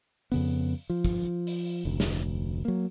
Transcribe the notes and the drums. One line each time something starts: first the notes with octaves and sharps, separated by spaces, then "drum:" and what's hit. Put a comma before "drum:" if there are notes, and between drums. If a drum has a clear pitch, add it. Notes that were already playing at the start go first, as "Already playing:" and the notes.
F2 C#3 B3, drum: open hi-hat
F3
drum: kick
drum: open hi-hat
F1 D2
drum: snare
F#3 A#3